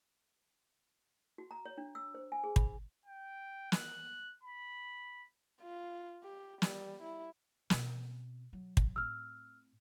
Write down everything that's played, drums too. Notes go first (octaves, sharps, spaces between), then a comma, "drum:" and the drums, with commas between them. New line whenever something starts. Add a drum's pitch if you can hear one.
F#4
A#5
C#5
D4
E6
C5
G#5
G#4
B5, drum: kick
G5
F#6, drum: snare
B5
F4
G4
G3, drum: snare
E4
B2 C4, drum: snare
F#3
drum: kick
A2 C4 E6 F6